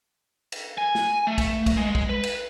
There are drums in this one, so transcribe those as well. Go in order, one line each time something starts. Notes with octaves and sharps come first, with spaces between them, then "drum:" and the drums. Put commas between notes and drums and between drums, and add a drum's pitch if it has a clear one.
drum: cymbal
G#5
drum: snare
A3
drum: kick, cymbal
drum: kick, cymbal
G#3
drum: kick
B4
drum: cymbal